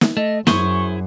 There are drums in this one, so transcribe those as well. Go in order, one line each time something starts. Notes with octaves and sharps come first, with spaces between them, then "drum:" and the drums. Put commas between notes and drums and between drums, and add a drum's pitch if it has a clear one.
drum: snare
A3 D#5
F#2 E4 G#4 C5 C#6, drum: snare